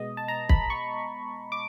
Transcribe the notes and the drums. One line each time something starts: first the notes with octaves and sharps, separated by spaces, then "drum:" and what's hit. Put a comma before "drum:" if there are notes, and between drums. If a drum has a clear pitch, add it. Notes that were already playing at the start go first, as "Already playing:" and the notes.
Already playing: B2 G#3 B3 D#5
A5
A#5
B5, drum: kick
C#6
D6